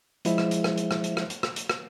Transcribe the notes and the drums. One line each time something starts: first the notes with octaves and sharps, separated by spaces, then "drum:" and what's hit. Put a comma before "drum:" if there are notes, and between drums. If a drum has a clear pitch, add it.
F3 G#3 E4 G#4 C5 E5, drum: hi-hat
drum: rim click
drum: hi-hat
drum: rim click
drum: hi-hat
drum: rim click
drum: hi-hat
drum: rim click
drum: hi-hat
drum: rim click
drum: hi-hat
drum: rim click